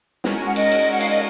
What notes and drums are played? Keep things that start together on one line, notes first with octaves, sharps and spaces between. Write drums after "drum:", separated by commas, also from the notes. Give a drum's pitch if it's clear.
G#3 C#4 F#4 A#4 G#5, drum: snare
G#5
F#5
D#5, drum: cymbal
drum: cymbal
F#5
F5, drum: cymbal
D#5